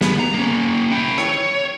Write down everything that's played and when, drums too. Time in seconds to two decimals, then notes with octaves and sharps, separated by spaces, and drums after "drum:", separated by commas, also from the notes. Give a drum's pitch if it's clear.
0.01 B3, drum: snare
0.20 A#5
0.34 A#3 C#4
0.91 E4 G5
1.18 C#5, drum: rim click